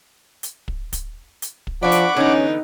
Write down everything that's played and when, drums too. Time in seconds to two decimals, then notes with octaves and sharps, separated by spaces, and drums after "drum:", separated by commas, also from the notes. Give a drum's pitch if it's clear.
0.43 drum: hi-hat
0.68 drum: kick
0.93 drum: kick, hi-hat
1.42 drum: hi-hat
1.67 drum: kick
1.83 F3 D4 D5 F#5 B5 C#6 D6
1.92 drum: hi-hat
2.17 D3 E3 B3 C#4 D#4